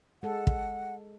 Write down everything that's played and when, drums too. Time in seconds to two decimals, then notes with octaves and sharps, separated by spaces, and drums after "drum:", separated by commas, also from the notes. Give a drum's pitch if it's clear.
0.23 G#3 A4 F#5
0.47 drum: kick